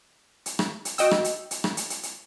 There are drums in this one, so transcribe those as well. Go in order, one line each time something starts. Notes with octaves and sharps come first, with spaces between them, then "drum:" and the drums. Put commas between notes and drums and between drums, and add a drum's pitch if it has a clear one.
drum: hi-hat
drum: rim click
drum: hi-hat
F#4 D#5 G5 E6, drum: hi-hat
drum: rim click
drum: hi-hat
drum: hi-hat
drum: rim click
drum: hi-hat
drum: hi-hat
drum: hi-hat